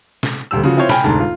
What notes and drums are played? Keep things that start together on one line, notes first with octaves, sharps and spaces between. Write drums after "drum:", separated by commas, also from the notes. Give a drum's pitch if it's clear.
drum: snare
D#1 D2 G3 E6
C#3 F3 F4 F#4
C4 E4 F4 C5 C#5
G5 G#5 B5 F6, drum: snare
F1 D2 G#2 D4 A5 A#5
F4